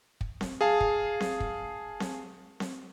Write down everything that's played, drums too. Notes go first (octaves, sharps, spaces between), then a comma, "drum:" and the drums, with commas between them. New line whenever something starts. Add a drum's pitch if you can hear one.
drum: kick
drum: snare C4
G#4 F5 A5
drum: kick
drum: snare C4
drum: kick
drum: snare C4
drum: snare C4